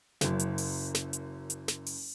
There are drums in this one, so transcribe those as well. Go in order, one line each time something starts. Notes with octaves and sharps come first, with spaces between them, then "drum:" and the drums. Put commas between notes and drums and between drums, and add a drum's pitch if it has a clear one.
F#1 F#2, drum: snare
drum: hi-hat
drum: open hi-hat
drum: snare
drum: hi-hat
drum: hi-hat
drum: snare
drum: open hi-hat